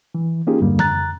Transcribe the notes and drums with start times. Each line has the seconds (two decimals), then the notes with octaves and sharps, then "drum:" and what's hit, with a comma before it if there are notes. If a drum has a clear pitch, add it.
0.15 E3
0.47 A#3 C#4 D#4 F4 G4 G#4
0.60 E2 G2 D3 G3 A#3
0.79 F2 A#5 F#6 A6, drum: tom C#3